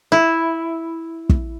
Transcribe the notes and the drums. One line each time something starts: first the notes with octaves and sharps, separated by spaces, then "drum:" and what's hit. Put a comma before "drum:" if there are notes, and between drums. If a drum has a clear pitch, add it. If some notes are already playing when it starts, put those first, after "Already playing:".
E4
drum: kick